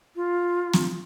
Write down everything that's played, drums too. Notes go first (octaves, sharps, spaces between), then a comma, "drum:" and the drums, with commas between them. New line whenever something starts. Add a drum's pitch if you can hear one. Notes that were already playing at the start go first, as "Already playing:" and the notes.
F4
drum: snare